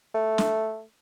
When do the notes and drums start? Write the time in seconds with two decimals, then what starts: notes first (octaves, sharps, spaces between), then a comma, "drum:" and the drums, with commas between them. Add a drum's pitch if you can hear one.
0.15 A3
0.38 drum: snare